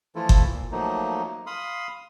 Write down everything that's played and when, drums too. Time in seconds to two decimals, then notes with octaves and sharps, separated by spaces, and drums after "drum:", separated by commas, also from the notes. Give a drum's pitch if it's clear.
0.15 E3 F3 A3 E4 F4 A4
0.29 drum: kick G1
0.52 A#2
0.72 F3 F#3 A3 A#3 D#4
1.47 F5 B5 C6 D#6